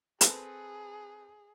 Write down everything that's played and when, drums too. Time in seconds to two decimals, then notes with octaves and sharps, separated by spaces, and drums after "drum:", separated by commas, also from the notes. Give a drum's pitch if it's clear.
0.21 C4 G#4 A4 B4, drum: hi-hat